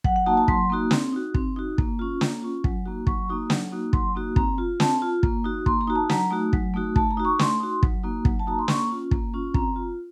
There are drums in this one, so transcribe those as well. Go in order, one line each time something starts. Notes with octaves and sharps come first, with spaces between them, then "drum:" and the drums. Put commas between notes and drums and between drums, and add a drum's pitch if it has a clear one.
F#3 F#5, drum: kick
F#5
A#3 D#4 F#4 A5
A5
F#3 C6, drum: kick
A#3 D#4 F#4
C4, drum: snare
D#4 F#4
C4, drum: kick
D#4 F#4
A#3, drum: kick
C#4 F4
A#3, drum: snare
C#4 F4
F#3, drum: kick
A#3 D#4 F#4
F#3 C#6, drum: kick
A#3 D#4 F#4
F#3, drum: snare
A#3 D#4 F#4
F#3 C6, drum: kick
A#3 D#4 F#4
C4 A#5, drum: kick
F4
C4 A5, drum: snare
F4
A#3, drum: kick
D#4 F#4
A#3 C6, drum: kick
A#5
D#4 F#4
A5
F#3 A#5, drum: snare
A3 D#4 F#4
F#3, drum: kick
A3 D#4 F#4
A3 A5, drum: kick
A#5
D#4 F#4
C#6
A3 C6, drum: snare
D#4 F#4
F#3, drum: kick
A#3 D#4 F#4
F#3, drum: kick
A5
A#3 D#4 F#4 A#5
C6
A#3 C#6, drum: snare
C#4 F4
A#3, drum: kick
C#4 F4
C4 A#5, drum: kick
F4